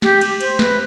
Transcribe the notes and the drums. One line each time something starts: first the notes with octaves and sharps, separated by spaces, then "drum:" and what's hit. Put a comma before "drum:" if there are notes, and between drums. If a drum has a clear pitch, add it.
G4, drum: snare
drum: cymbal
C5, drum: cymbal
B4, drum: snare